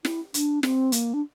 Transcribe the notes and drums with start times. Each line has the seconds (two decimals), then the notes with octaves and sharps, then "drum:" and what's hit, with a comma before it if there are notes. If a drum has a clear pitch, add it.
0.05 E4, drum: snare
0.34 D4, drum: hi-hat
0.63 C4, drum: snare
0.92 A#3, drum: hi-hat
1.14 D4